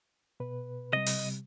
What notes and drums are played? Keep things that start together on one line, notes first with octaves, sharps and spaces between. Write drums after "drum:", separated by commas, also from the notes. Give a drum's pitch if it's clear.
B2 B4
C3 G3 D#5
drum: open hi-hat